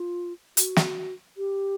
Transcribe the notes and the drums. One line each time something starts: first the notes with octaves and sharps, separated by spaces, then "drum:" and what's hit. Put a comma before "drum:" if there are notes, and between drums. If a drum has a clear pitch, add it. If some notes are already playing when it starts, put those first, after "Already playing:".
Already playing: F4
F#4, drum: hi-hat
drum: snare
G4